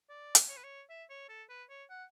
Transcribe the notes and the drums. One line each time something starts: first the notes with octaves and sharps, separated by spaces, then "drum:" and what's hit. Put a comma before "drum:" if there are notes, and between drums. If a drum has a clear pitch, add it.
D5
drum: hi-hat
C#5
B4
C#5
E5
C#5
A4
B4
C#5
F#5